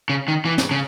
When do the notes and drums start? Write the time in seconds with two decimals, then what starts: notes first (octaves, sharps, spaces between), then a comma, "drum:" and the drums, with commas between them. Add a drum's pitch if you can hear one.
0.10 C#3
0.28 D#3
0.45 E3
0.58 drum: snare
0.71 C#3